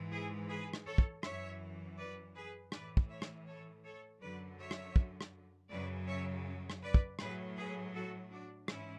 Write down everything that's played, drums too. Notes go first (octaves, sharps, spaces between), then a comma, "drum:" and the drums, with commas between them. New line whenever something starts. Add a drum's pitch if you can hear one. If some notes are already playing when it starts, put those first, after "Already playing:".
Already playing: G#2 E3
E4 G#4
G#4 B4
drum: rim click
A4 C#5
drum: kick
F#2 E3 C#5 E5, drum: rim click
B4 D5
G#4 B4
A2 E3 B4 D5, drum: rim click
drum: kick
C#5 E5
drum: rim click
A4 C#5
A4 C#5
F#2 D3 F#3 B4 D5
C#5 E5
drum: rim click
drum: kick
drum: rim click
F#2 C#3 F#3 B4 D5
C#5 E5
drum: rim click
B4 D5
drum: kick
A2 F#3 G#4 B4, drum: rim click
G#4 B4
F#4 A4
D4 F#4
G#2 E3 C#4 E4, drum: rim click